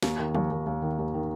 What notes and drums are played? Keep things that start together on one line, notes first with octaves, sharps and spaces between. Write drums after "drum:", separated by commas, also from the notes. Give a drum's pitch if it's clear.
D#2, drum: snare
D#3
D#2, drum: tom
D#2
D#2
D#3
D#2
D#3